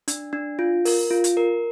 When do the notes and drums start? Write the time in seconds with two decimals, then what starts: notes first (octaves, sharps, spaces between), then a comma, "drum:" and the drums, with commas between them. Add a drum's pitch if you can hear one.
0.08 D4, drum: hi-hat
0.33 D4
0.59 F4
0.85 A#4, drum: open hi-hat
1.10 F4
1.24 drum: hi-hat
1.37 A#4